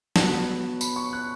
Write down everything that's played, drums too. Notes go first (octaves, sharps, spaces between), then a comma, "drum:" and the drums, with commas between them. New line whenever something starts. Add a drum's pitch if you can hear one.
B2 F#3 B3 A5, drum: snare
B5, drum: tambourine
C#6
F#6